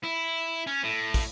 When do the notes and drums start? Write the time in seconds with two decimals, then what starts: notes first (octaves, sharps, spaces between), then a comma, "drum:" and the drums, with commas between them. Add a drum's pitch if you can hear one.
0.03 E4
0.67 C#4
0.83 A2
1.14 drum: kick, open hi-hat